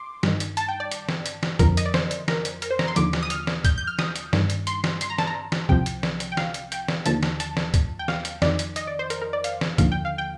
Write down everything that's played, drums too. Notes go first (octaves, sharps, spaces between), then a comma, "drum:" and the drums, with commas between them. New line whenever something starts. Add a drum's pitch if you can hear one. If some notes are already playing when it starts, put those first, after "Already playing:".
Already playing: C6 D6
G2 D#3, drum: snare
drum: hi-hat
A5, drum: hi-hat
G5
D5
drum: hi-hat
drum: snare
drum: hi-hat
drum: snare
F2 D3 F3 A#4, drum: kick, hi-hat
D#5, drum: hi-hat
D5
C5, drum: snare
drum: hi-hat
A#4, drum: snare
drum: hi-hat
A#4, drum: hi-hat
C5
A#5, drum: snare
C6
D#2 D3 F3 D6, drum: hi-hat
drum: snare
D#6
F6, drum: hi-hat
drum: snare
G6, drum: kick, hi-hat
G6
F6
D#6, drum: snare
drum: hi-hat
G2 D#3, drum: snare
drum: hi-hat
C6, drum: hi-hat
drum: snare
C6, drum: hi-hat
A#5
A5, drum: snare
A#5
drum: snare
C2 C3 F3 G5, drum: kick
drum: hi-hat
drum: snare
drum: hi-hat
G5
F5, drum: snare
drum: hi-hat
G5, drum: hi-hat
drum: snare
D#2 D3 F3 A5, drum: hi-hat
drum: snare
A5, drum: hi-hat
drum: snare
drum: kick, hi-hat
G5
F5, drum: snare
drum: hi-hat
F2 D#3 D5, drum: snare
drum: hi-hat
D#5, drum: hi-hat
D5
C5
A#4, drum: hi-hat
A#4
D5
F5, drum: hi-hat
drum: snare
D#2 D3 F3 F5, drum: kick, hi-hat
G5
F5
G5